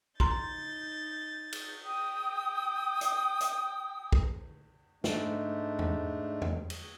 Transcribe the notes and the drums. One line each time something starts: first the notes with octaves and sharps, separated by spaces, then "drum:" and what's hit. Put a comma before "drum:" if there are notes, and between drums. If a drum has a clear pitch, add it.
D#4 A#5 C6 G6 A6, drum: kick
drum: cymbal
G5 D#6
drum: hi-hat
drum: hi-hat
drum: kick
G#2 G#3 A3 D4, drum: snare
drum: tom E2
drum: tom E2
drum: cymbal